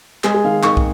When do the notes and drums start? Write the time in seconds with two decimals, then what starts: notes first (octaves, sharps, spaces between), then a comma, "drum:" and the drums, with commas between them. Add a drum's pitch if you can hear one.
0.24 G#3 G#4, drum: clap
0.34 G#4
0.44 D#3 F5
0.63 D#3 C#6, drum: clap
0.77 drum: kick